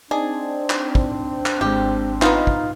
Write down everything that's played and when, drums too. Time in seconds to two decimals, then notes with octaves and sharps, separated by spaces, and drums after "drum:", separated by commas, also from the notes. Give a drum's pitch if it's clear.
0.11 C4 D4 D#4 G#4 D5 A5
0.70 drum: clap
0.95 drum: kick
1.46 drum: clap
1.61 G#1 G#3 G4
2.22 B3 D#4 F4, drum: clap
2.47 drum: kick